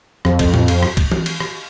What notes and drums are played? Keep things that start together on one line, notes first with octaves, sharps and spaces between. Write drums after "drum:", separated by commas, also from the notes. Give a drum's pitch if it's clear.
F2, drum: rim click
drum: kick C2, cymbal
drum: tom A2
drum: cymbal
drum: rim click
drum: kick C2, cymbal
drum: tom E3
drum: cymbal
drum: rim click